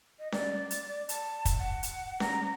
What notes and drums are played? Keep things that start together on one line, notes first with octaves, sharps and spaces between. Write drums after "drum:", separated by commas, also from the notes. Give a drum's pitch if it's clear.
D#5
D5, drum: snare C#4
drum: hi-hat
A5, drum: hi-hat
drum: kick, hi-hat
F#5
drum: hi-hat
A#5, drum: snare C#4